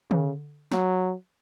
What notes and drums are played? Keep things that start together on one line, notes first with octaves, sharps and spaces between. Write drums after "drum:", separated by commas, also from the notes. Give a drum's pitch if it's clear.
C#3, drum: tom D3
F#3, drum: snare